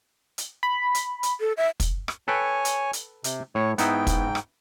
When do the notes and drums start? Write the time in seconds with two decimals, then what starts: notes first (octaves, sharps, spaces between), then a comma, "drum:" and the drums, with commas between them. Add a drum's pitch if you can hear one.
0.38 drum: hi-hat
0.63 B5
0.95 drum: hi-hat
1.23 drum: hi-hat
1.40 A4
1.57 E5
1.80 drum: kick, hi-hat
2.08 drum: rim click
2.28 A4 B4 C#5 G5 G#5
2.65 drum: hi-hat
2.93 drum: hi-hat
3.24 C3, drum: hi-hat
3.55 A2 C#5
3.78 G#2 B3 D#4 E4 G5, drum: hi-hat
4.07 drum: kick, hi-hat
4.35 drum: rim click